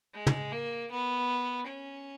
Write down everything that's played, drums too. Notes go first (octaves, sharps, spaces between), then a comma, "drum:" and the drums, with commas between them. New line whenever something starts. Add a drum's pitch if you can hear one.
G#3
drum: tom
A#3
B3
C#4